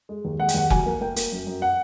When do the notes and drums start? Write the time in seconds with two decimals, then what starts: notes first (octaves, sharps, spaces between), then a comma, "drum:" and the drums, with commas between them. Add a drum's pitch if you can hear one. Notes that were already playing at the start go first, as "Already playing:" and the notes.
0.09 G#3
0.25 D#2
0.39 G#3 F#5
0.48 G5, drum: hi-hat
0.54 D#2 F#5
0.70 F#3 G#5, drum: kick F1
0.86 A#3
1.01 A#3 G5
1.16 A#3, drum: hi-hat
1.32 F#2
1.47 F#2
1.62 F#5